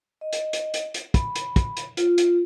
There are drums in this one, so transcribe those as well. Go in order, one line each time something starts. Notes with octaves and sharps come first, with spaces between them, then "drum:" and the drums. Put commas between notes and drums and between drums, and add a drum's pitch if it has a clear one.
D#5
drum: hi-hat
drum: hi-hat
drum: hi-hat
drum: hi-hat
B5, drum: kick, hi-hat
drum: hi-hat
drum: kick, hi-hat
drum: hi-hat
F4, drum: hi-hat
drum: hi-hat